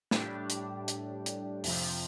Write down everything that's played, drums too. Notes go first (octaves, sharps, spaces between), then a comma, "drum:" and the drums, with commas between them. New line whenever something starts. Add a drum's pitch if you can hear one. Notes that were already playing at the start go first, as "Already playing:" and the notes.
A2 G3 D4 G4, drum: snare
drum: hi-hat
drum: hi-hat
drum: hi-hat
F2 C3 F3, drum: open hi-hat